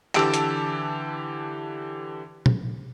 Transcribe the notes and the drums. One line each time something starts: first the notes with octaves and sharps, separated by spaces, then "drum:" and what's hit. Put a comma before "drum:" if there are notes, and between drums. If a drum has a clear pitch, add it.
D3 E3 G4 A5 E6 D7, drum: clap
drum: hi-hat
drum: tom